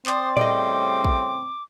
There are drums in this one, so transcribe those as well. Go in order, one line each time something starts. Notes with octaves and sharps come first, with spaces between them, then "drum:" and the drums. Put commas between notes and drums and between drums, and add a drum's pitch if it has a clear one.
C4 C5 D5 D#6, drum: clap
A2 C#3 G3 D5 D#5 D6, drum: tom A2
drum: kick